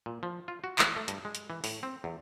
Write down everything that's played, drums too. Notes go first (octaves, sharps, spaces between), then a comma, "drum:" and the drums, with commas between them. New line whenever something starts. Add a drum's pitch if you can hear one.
A#2
F3
F4
F#4
E3, drum: clap
A3
G2, drum: hi-hat
G#3
drum: hi-hat
E3
A2, drum: open hi-hat
C4
E2